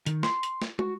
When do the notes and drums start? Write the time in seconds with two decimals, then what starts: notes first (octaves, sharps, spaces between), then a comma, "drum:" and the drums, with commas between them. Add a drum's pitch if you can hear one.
0.06 D#3, drum: hi-hat
0.23 C6, drum: snare
0.43 drum: hi-hat
0.62 drum: snare
0.79 F#4, drum: tom